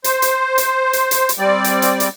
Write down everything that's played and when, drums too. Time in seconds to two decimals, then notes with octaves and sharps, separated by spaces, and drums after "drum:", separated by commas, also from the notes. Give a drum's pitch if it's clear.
0.04 C5, drum: hi-hat
0.22 drum: hi-hat
0.58 drum: hi-hat
0.93 drum: hi-hat
1.11 drum: hi-hat
1.29 drum: hi-hat
1.39 G3 C4 D5
1.64 drum: hi-hat
1.82 drum: hi-hat
2.00 drum: hi-hat